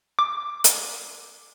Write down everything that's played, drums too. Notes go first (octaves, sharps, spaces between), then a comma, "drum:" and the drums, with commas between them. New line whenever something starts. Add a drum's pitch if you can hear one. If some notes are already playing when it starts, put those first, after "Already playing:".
D6
drum: hi-hat